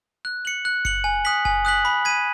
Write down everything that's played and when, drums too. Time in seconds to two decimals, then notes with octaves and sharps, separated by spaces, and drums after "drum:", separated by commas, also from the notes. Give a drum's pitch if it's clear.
0.25 F#6
0.45 C#7 F#7
0.65 F#6
0.85 C#7 F#7, drum: kick F#1
1.04 G#5
1.25 D#6 F#6 B6 F#7
1.45 G#5, drum: kick F#1
1.65 D#6 F#6 B6 F#7
1.85 B5
2.05 G#6 B6 D#7